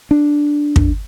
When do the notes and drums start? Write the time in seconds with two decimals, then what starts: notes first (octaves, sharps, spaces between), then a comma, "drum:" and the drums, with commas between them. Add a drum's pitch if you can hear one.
0.11 D4
0.76 drum: kick